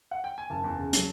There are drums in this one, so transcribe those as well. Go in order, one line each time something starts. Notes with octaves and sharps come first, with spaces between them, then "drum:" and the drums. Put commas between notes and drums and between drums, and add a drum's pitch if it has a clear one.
F#5
G5
G#5
F#1 A5
E2
C#3
F#3, drum: hi-hat